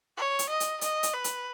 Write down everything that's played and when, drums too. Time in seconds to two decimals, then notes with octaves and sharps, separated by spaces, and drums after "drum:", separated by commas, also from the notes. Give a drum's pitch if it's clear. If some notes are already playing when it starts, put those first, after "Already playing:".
0.17 C#5
0.39 drum: hi-hat
0.49 D#5
0.60 drum: hi-hat
0.81 D#5, drum: hi-hat
1.03 drum: hi-hat
1.13 B4
1.24 drum: hi-hat